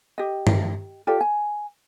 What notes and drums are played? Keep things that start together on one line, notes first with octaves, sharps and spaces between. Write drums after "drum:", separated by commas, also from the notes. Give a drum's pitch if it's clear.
G4 D#5
drum: tom
F4 G4 A4 D5
G#5